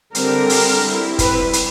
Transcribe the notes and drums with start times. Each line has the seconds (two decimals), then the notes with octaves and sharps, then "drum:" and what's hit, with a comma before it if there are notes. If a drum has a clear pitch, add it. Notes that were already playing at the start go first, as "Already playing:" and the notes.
0.15 D3 G3 C4 A#4, drum: hi-hat
0.49 drum: open hi-hat
0.84 G3 C4 E4
1.19 B4, drum: kick F#1, hi-hat
1.53 drum: hi-hat